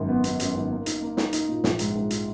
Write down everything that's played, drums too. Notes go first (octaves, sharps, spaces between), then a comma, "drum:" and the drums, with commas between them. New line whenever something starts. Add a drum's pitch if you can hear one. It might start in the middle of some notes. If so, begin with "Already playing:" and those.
Already playing: G#1 F#2
B3
B3, drum: hi-hat
F#2, drum: hi-hat
G#1
A#3
D#4, drum: hi-hat
A#3
D#4, drum: snare
D#4, drum: hi-hat
A#2
A#1, drum: snare
G#2, drum: hi-hat
G#2
drum: hi-hat